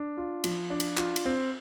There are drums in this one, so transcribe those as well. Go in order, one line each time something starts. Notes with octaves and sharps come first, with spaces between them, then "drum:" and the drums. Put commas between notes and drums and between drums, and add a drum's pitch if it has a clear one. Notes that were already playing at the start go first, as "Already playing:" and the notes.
Already playing: D4
F4
F3, drum: cymbal
D4
drum: cymbal
F4, drum: clap
drum: cymbal
C4